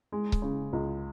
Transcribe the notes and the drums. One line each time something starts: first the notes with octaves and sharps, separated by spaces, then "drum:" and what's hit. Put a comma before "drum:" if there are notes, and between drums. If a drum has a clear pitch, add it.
G#3
drum: kick C#1
C#3
C#2